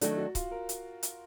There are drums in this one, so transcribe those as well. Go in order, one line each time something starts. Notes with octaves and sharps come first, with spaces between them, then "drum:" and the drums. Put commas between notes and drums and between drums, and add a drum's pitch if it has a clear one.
D#3 F#3 A3 D4 F#4, drum: hi-hat
F#4
F4, drum: kick C#1, hi-hat
A#4
drum: hi-hat
drum: hi-hat